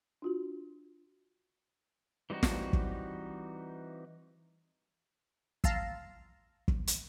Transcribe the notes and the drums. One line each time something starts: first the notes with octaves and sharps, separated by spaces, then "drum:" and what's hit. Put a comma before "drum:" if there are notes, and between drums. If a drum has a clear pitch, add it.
D4 F4 F#4
E3 G3 C4 D#4 F#4
drum: snare
drum: kick
F5 A5 A#5 C6 E6, drum: kick
drum: kick
drum: hi-hat